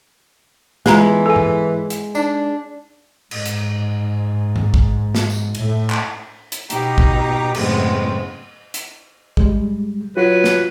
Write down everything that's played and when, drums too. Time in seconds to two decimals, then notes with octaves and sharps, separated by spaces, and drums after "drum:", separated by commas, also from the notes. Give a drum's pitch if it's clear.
0.86 E3 G#3 B3 F4 A#5, drum: snare
1.26 A4 G#5
1.36 drum: tom G2
1.90 drum: hi-hat
2.15 D4 D#4, drum: tambourine
3.31 G#2, drum: cymbal
3.46 drum: hi-hat
4.56 drum: tom G2
4.74 drum: kick
5.15 drum: snare
5.30 drum: tambourine
5.55 A2, drum: cymbal
5.90 drum: clap
6.52 drum: hi-hat
6.70 B2 D#4 G4 A#5, drum: hi-hat
6.98 drum: kick
7.54 F#2 A2 C#3 G#3 B3 C4, drum: cymbal
8.74 drum: hi-hat
9.37 G3 G#3, drum: kick
10.17 F#3 F4 F#4 B4
10.44 drum: snare